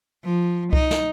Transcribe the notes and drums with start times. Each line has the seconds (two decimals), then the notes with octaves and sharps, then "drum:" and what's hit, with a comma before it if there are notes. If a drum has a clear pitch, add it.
0.24 F3
0.73 D#4, drum: kick C2
0.91 drum: snare